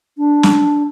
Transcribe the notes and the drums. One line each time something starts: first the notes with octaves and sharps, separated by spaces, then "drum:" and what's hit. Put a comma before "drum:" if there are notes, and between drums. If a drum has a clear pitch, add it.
D4
drum: snare